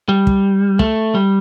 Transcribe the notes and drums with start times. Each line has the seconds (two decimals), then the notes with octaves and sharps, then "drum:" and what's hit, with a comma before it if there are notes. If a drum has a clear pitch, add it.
0.09 G3
0.27 drum: kick
0.79 A3, drum: kick
1.15 G3